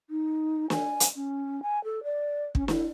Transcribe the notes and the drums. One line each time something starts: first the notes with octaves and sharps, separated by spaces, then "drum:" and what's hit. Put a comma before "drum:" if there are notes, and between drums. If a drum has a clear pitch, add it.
D#4
G#5, drum: snare
drum: hi-hat
C#4
G#5
A4
D5
C#4, drum: kick
E4, drum: snare